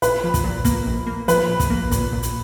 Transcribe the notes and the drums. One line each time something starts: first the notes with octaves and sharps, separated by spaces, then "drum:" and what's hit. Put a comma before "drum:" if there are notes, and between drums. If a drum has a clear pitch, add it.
A#1 B4, drum: hi-hat
F3
drum: kick, hi-hat
A#2
A#3, drum: kick, hi-hat
A#1
A#3
F3 B4, drum: hi-hat
A#1
drum: kick, hi-hat
A#3
A#2, drum: kick, hi-hat
A#2
drum: hi-hat